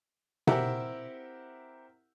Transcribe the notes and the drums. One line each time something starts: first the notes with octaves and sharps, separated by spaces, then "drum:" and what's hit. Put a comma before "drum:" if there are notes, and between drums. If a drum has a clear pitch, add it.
C4 E4 G4 A#4 E5 F#5, drum: tom B2